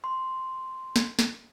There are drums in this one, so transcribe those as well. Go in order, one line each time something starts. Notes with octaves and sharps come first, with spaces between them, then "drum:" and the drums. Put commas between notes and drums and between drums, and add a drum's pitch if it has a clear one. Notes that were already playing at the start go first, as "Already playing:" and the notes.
C6
drum: snare
drum: snare